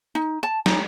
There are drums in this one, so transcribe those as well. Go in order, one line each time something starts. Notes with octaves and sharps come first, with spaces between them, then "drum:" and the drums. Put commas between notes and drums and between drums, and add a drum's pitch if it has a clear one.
D#4
A5
D#4, drum: snare